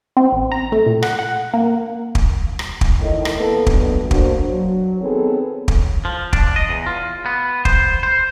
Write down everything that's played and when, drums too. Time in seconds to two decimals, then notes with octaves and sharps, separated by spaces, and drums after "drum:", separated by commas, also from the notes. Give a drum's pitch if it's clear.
0.17 C4
0.32 A1
0.52 A#5
0.72 A3
0.86 A#2
1.03 F#5, drum: rim click
1.19 F#5
1.54 A#3
2.15 drum: kick
2.59 drum: rim click
2.81 drum: kick
3.00 A2 D#3
3.25 drum: rim click
3.37 E3 A#3 B3 A4
3.67 B2 D3 F#3 G3 A3 B3, drum: kick
4.11 A#3 D4 F#4 C5, drum: kick
4.49 F#3
5.00 D#3 B3 C4 G#4 A4 C#5
5.68 drum: kick
6.05 F3
6.33 D4, drum: kick
6.56 D#5
6.69 E2
6.86 F4
7.26 B3
7.65 C5, drum: kick
8.03 C5